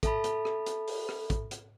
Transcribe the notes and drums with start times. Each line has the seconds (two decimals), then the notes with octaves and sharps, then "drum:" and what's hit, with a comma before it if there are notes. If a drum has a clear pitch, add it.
0.03 A4 E5 A5 B5, drum: kick, hi-hat
0.24 drum: hi-hat
0.45 drum: rim click
0.66 drum: hi-hat
0.88 drum: open hi-hat
1.09 drum: rim click
1.30 drum: kick, hi-hat
1.51 drum: hi-hat